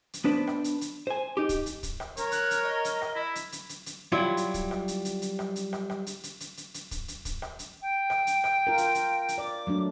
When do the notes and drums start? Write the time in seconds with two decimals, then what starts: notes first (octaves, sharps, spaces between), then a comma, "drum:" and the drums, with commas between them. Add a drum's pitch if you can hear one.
0.13 drum: hi-hat
0.24 B3 D4 B4 C5
0.47 drum: rim click
0.64 drum: hi-hat
0.81 drum: hi-hat
1.07 C5 G#5
1.37 D#4 G4
1.49 drum: kick, hi-hat
1.66 drum: hi-hat
1.83 drum: kick, hi-hat
2.00 drum: rim click
2.17 A#4 C#5, drum: hi-hat
2.32 F#6, drum: hi-hat
2.51 drum: hi-hat
2.64 D#5
2.85 drum: hi-hat
3.02 drum: rim click
3.15 E4
3.35 drum: hi-hat
3.52 drum: hi-hat
3.69 drum: hi-hat
3.86 drum: hi-hat
4.12 F#3 G3 E4 F4
4.37 drum: hi-hat
4.54 drum: kick, hi-hat
4.71 drum: rim click
4.88 drum: hi-hat
5.05 drum: hi-hat
5.22 drum: hi-hat
5.39 drum: rim click
5.56 drum: hi-hat
5.73 drum: rim click
5.90 drum: rim click
6.07 drum: hi-hat
6.23 drum: hi-hat
6.40 drum: hi-hat
6.57 drum: hi-hat
6.74 drum: hi-hat
6.91 drum: kick, hi-hat
7.08 drum: hi-hat
7.25 drum: kick, hi-hat
7.42 drum: rim click
7.59 drum: hi-hat
7.81 G5
8.10 drum: rim click
8.27 drum: hi-hat
8.44 drum: rim click
8.67 F4 A#4
8.78 drum: hi-hat
8.95 drum: hi-hat
9.28 drum: hi-hat
9.38 D5 D6
9.67 F#3 A3 D4